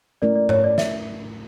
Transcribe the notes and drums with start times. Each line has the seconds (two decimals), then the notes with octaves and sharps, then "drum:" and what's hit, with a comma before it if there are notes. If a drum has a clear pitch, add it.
0.22 A3 C#4 E4 A#4 D5
0.35 D5
0.49 C#5, drum: tom G#2
0.64 D5
0.78 E5, drum: snare